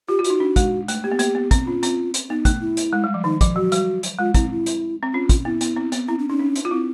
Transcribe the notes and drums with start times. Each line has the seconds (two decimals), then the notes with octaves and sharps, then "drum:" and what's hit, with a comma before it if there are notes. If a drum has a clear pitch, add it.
0.08 F4 G4
0.19 F4
0.24 F#4, drum: hi-hat
0.30 D#4
0.40 D4
0.56 G#3, drum: kick, hi-hat
0.88 A3, drum: hi-hat
1.04 A#3 G4
1.11 B3
1.19 A#3, drum: hi-hat
1.35 B3
1.51 C4, drum: kick, hi-hat
1.66 C#4 F4
1.83 C4, drum: hi-hat
2.14 drum: hi-hat
2.29 B3 D#4
2.45 A3, drum: kick, hi-hat
2.61 E4
2.77 drum: hi-hat
2.93 G#3
3.04 G3
3.14 F3
3.24 D#3 D#4
3.41 F3, drum: kick, hi-hat
3.56 F#3 F#4
3.72 G3, drum: hi-hat
4.03 drum: hi-hat
4.19 G#3 F4
4.34 C4 E4, drum: kick, hi-hat
4.51 E4
4.66 drum: hi-hat
5.03 C4
5.13 C#4 F4
5.29 drum: kick, hi-hat
5.45 B3 E4
5.61 B3, drum: hi-hat
5.76 C4
5.92 B3, drum: hi-hat
6.08 C4 E4
6.19 D4
6.29 C#4 D#4
6.39 D4
6.56 drum: hi-hat
6.65 F4
6.71 C4 E4